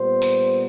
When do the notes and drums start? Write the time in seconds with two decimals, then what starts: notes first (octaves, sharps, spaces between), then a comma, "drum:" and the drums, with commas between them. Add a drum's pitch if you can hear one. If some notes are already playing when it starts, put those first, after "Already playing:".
Already playing: A#2 G3 B3 C5
0.22 drum: tambourine